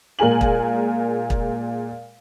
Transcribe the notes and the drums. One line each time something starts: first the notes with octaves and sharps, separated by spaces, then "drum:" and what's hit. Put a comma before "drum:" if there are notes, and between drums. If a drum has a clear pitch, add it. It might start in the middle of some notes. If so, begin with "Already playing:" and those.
A#2 G#3 A#4 G#5 F#7
drum: kick
drum: kick